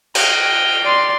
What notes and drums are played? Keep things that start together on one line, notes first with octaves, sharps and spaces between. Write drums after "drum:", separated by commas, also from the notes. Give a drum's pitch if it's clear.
D#5 G5 F6, drum: cymbal
D5 C6